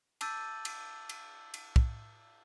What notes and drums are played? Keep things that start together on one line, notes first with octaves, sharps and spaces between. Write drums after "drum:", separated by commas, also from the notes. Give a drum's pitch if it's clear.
A5 D6 E6 G6 A6 D#7, drum: cymbal
drum: cymbal
drum: cymbal
drum: cymbal
drum: kick